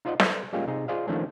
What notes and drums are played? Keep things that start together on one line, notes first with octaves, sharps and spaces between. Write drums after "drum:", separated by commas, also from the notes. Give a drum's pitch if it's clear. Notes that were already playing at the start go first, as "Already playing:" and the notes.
D#4 F4 C5 D5 D#5 F#5
A4 B4 C5 D5 E5, drum: snare
G3 G#3 A#3 C#4 F4 G4
C3 D#4 G#4
F4 G#4 C5 D5 D#5 F5
D#3 F3 A3 A#3 C#4 D4